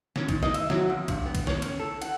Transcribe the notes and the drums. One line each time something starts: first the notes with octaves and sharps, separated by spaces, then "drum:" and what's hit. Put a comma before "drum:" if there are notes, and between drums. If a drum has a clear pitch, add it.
C#4, drum: snare
D#3, drum: kick B1, cymbal
D#5, drum: snare
E5, drum: cymbal
F#3, drum: snare
F2
G2, drum: kick B1, cymbal
B3
drum: kick B1, cymbal
C#5, drum: snare
C#4, drum: cymbal
A4
F#5, drum: cymbal